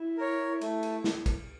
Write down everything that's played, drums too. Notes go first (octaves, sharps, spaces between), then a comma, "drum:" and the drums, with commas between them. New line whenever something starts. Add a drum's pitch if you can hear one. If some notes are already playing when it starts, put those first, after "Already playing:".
Already playing: E4
A#4 C#5
A3, drum: cymbal
drum: cymbal
drum: snare
drum: kick, cymbal